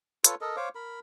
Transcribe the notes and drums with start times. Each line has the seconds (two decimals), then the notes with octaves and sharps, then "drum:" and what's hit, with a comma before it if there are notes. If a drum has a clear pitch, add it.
0.24 F4 A4 B4 C#5, drum: hi-hat
0.41 A4 A#4 D#5
0.57 C5 C#5 F5 D6
0.75 A#4 B5